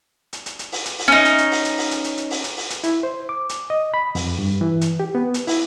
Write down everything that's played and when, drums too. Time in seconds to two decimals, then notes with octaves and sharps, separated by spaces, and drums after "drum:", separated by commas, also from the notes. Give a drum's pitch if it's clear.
0.33 drum: hi-hat
0.46 drum: hi-hat
0.59 drum: hi-hat
0.72 drum: open hi-hat
0.85 drum: hi-hat
0.99 drum: open hi-hat
1.08 C#4 D#4
1.25 drum: hi-hat
1.38 drum: hi-hat
1.51 drum: open hi-hat
1.65 drum: hi-hat
1.78 drum: open hi-hat
1.91 drum: hi-hat
2.04 drum: hi-hat
2.17 drum: hi-hat
2.31 drum: open hi-hat
2.44 drum: hi-hat
2.57 drum: open hi-hat
2.70 drum: hi-hat
2.84 E4, drum: hi-hat
3.03 C5
3.29 D6
3.49 drum: hi-hat
3.70 D#5
3.94 B5
4.15 F2, drum: open hi-hat
4.39 G2
4.61 E3
4.81 drum: hi-hat
5.00 G4
5.15 B3
5.34 drum: hi-hat
5.47 E4, drum: open hi-hat